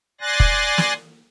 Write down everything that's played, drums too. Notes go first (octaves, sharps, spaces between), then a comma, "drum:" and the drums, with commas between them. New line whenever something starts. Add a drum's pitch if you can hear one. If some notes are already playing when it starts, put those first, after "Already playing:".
D5 G#5 C6 F#6 A6 A#6
drum: kick
drum: snare